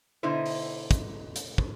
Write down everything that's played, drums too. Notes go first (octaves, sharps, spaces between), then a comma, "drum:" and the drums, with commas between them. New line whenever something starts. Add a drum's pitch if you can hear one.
B2 D3 D#4 E4 C5
drum: open hi-hat
drum: kick, hi-hat
drum: hi-hat
drum: kick